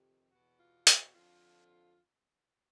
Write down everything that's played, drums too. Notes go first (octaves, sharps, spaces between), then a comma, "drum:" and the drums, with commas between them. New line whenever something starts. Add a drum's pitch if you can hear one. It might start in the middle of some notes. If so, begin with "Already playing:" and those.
Already playing: F2 C3 D#3 G4
E2 B2 F#4
F4
F#4, drum: hi-hat
F2 D3 F3 F4